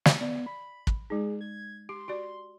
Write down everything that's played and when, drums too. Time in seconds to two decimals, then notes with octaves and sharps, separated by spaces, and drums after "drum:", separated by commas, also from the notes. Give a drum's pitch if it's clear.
0.05 drum: snare
0.21 B3 D5
0.46 B5
0.87 drum: kick
1.10 G#3 D#4 G#4
1.41 G#6
1.89 G4 C6
2.08 F#4 G4 D5